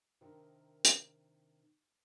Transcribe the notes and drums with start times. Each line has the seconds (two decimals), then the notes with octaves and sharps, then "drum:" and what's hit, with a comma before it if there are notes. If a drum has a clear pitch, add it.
0.21 C3 D#3 D4 D#4 A#4
0.85 drum: hi-hat